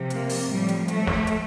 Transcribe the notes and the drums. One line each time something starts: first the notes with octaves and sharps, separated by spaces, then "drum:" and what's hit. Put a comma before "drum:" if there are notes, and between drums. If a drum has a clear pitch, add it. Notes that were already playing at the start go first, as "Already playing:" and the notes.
Already playing: C3 F3
A#3, drum: hi-hat
drum: open hi-hat
A2 F3 G3
drum: hi-hat
A3, drum: hi-hat
drum: snare
drum: hi-hat